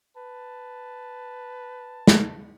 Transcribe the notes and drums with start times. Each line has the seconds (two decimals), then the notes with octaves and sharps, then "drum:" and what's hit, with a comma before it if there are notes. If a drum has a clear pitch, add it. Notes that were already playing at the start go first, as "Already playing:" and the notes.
0.17 B4 A5
2.08 drum: snare